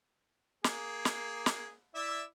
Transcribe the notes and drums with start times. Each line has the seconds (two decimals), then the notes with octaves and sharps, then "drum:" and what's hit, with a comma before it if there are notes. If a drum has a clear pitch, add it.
0.64 A#3 G#4, drum: snare
1.05 drum: snare
1.46 drum: snare
1.95 E4 D5 E5